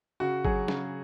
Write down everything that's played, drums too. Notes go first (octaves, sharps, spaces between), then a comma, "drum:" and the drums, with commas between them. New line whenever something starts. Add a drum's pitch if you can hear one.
C#3 F#4
F#3 G#4, drum: kick G1
C#3, drum: snare